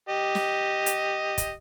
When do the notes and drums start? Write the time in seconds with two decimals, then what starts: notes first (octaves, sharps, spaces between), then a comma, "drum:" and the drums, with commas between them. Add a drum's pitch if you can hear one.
0.09 G4 D#5
0.35 drum: snare
0.86 drum: hi-hat
1.38 drum: kick, hi-hat